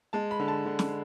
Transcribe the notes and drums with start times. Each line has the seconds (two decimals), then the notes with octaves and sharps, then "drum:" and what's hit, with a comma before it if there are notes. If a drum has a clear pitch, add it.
0.13 G#3 A5
0.31 B5
0.40 D3
0.48 A5
0.66 D3
0.79 drum: snare